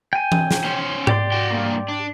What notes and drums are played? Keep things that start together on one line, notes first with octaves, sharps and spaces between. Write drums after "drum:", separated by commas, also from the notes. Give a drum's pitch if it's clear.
G5 G#5
drum: tom E3
drum: snare
C#4 C5
G4 D5 C6, drum: tom G#2
F#4 G5
G2 A#3
D4